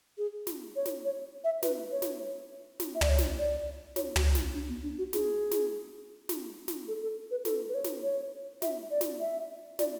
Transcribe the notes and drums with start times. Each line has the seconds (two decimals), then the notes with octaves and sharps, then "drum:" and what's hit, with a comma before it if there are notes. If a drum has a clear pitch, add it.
0.18 G#4
0.47 drum: snare
0.76 C#5
0.86 drum: snare
1.05 C#5
1.44 E5
1.63 B4, drum: snare
1.92 C#5
2.02 drum: snare
2.80 drum: snare
2.95 E5
3.01 D5, drum: tom
3.09 C#5
3.18 drum: snare
3.38 D5
3.96 C#5, drum: snare
4.16 F#4, drum: tom
4.35 drum: snare
4.54 D4
4.69 B3
4.83 D4
4.98 F#4
5.13 G#4, drum: snare
5.51 drum: snare
6.29 drum: snare
6.68 drum: snare
6.88 A4
7.02 A4
7.31 B4
7.45 A4, drum: snare
7.69 B4
7.74 C#5
7.84 drum: snare
8.03 C#5
8.62 E5, drum: snare
8.91 D5
9.01 drum: snare
9.20 E5
9.79 D5, drum: snare